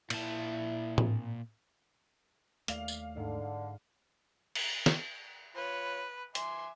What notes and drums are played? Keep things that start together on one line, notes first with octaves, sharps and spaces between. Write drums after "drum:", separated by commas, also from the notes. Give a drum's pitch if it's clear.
A#2 E4 A5, drum: cymbal
drum: tom A2
D#2 A3 D5 F5 F7, drum: hi-hat
drum: tambourine
G#2 D3
drum: cymbal
drum: snare
F4 B4 C#5
E5 G#5 C6 D6, drum: hi-hat